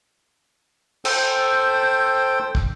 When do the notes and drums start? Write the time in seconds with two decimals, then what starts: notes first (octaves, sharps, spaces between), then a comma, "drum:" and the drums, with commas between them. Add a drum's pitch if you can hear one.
1.05 A4 C5 G5, drum: cymbal
2.55 drum: kick